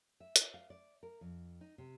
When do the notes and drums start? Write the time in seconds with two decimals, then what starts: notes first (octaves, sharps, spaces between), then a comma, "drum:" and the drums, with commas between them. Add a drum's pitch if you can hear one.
0.20 E5
0.36 drum: hi-hat
0.54 F5
0.70 D5
1.03 A#4
1.21 F2
1.61 D#4
1.78 C3